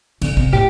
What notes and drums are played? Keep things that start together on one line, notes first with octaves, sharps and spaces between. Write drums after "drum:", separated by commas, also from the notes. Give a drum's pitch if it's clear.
D3, drum: cymbal
C3, drum: kick
A2 G4, drum: rim click